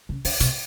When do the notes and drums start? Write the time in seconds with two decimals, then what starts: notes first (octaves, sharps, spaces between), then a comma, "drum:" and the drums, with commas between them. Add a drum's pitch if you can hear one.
0.09 C#3
0.25 D3, drum: open hi-hat
0.40 B2, drum: hi-hat